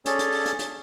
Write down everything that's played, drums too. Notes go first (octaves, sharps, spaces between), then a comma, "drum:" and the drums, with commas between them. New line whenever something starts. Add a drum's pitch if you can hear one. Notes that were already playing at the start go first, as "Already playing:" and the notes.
C#4 G#4 A4 C#5 D5, drum: hi-hat
drum: hi-hat
drum: open hi-hat
drum: hi-hat
drum: hi-hat